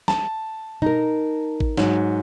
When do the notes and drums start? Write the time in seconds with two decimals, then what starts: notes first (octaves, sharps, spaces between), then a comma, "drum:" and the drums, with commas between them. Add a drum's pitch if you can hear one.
0.08 A5, drum: snare
0.82 D#4 A#4, drum: tom B2
1.60 drum: kick A1
1.77 G#2 F#3, drum: snare